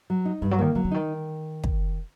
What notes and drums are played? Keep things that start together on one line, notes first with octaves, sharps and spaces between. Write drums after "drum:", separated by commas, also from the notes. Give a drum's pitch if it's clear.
F#3
D#4
G2 D#3
F#3
D#3 A#3
D#3 F#3
D3
D#3 D#4
drum: kick